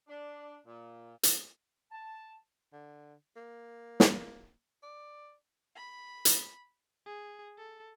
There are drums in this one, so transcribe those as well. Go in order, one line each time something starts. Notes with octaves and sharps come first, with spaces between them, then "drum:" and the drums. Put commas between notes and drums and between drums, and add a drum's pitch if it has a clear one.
D4
A#2
drum: hi-hat
A5
D3
A#3
drum: snare
D5
B5
drum: hi-hat
G#4
A4